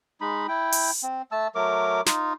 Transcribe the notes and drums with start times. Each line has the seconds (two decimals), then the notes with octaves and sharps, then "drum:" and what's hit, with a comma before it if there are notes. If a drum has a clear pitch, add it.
0.21 G#3 D#4 B5
0.48 E4 G5
0.72 drum: open hi-hat
1.03 C4
1.32 A3 A5 E6
1.55 F#3 A3 A#4 D6
2.06 D#4 F4, drum: snare